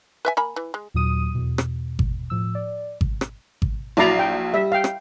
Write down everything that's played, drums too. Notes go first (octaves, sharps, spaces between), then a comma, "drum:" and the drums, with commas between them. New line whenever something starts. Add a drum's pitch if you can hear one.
B4 E5 G#5
A#3 G#5 B5
E3
G#3
D#2 A#2 F#3 D#6 D#7
E2 B2
drum: rim click
drum: kick G#1
A2 F3 E6
D5
drum: kick G#1
drum: rim click
drum: kick G#1
A#1 F#3 E4 D5 A#5 C7
G5
G3 E5
F5 G5
drum: rim click